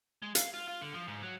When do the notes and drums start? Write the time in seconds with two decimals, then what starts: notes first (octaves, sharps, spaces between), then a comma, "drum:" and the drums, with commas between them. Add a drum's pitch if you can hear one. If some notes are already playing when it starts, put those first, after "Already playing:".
0.22 G#3
0.35 F5, drum: hi-hat
0.54 F4
0.68 F4
0.81 D3
0.94 F3
1.08 G#2
1.22 F#3